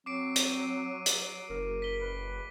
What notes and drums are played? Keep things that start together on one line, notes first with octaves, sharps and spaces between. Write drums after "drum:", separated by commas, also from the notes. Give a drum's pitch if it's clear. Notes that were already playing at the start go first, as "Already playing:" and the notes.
F#3 C4 D6 C7 D7
D#7, drum: hi-hat
drum: hi-hat
F#1 A#4
B6 G7
B4